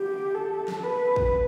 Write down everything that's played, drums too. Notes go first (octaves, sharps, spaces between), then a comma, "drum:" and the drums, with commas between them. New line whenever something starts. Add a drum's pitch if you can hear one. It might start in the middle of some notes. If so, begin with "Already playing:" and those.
Already playing: G4
A4
drum: snare
B4
drum: kick